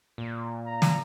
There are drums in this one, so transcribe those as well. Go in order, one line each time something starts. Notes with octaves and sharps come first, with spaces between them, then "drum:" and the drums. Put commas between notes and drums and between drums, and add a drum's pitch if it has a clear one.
A#2
A#5
drum: snare